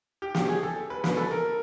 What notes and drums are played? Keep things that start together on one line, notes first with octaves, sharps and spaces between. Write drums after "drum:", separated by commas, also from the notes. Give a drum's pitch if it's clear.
G4
G4, drum: snare
G#4
A4
B4
B4, drum: snare
A4
A#4